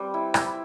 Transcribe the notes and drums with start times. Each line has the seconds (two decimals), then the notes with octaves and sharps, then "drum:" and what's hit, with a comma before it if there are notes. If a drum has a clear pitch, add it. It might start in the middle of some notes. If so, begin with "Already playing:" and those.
Already playing: G3 C4 B4
0.14 E4
0.34 E4, drum: rim click